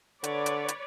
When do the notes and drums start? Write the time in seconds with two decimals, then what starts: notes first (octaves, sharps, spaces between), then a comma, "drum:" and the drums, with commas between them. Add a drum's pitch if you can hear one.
0.24 D3 B4 C#5 D5, drum: hi-hat
0.46 drum: hi-hat
0.68 drum: hi-hat